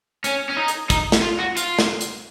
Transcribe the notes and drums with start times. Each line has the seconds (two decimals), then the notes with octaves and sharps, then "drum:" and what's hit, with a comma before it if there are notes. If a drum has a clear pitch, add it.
0.24 C#4, drum: hi-hat
0.49 C#4
0.56 D#4
0.68 drum: hi-hat
0.90 D#4, drum: kick, hi-hat
1.12 drum: snare
1.23 F4
1.40 F#4
1.57 F4, drum: hi-hat
1.79 drum: snare
2.01 drum: hi-hat